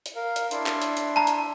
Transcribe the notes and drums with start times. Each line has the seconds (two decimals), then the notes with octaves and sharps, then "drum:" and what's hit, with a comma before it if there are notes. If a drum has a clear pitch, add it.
0.06 drum: hi-hat
0.16 A#4 F5
0.36 drum: hi-hat
0.51 D4 E4 C6, drum: hi-hat
0.66 drum: clap
0.82 drum: hi-hat
0.97 drum: hi-hat
1.16 A5 A#5
1.27 drum: hi-hat